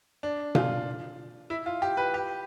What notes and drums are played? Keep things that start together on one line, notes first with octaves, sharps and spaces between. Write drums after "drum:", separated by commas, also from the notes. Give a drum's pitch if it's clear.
D4
F4, drum: tom B2
E4
F4
G4
B4
G4